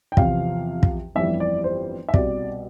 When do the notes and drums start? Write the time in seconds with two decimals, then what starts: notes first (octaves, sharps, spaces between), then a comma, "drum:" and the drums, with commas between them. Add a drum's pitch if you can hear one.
0.12 G5
0.17 E2 C3 F3 F5, drum: kick
0.83 drum: kick
1.15 G1 F2 E3 G3 E5
1.40 D5
1.64 C5
2.09 E5
2.14 C2 B2 G3 D5, drum: kick